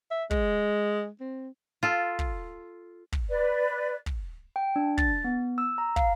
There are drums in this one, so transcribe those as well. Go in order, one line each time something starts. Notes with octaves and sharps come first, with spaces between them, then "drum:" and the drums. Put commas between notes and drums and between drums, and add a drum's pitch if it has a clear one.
E5
G#3, drum: kick
C4
F4 A4
drum: kick
drum: kick
B4 D5
drum: kick
G5
D4
A6, drum: kick
B3
E6
A#5
F5, drum: kick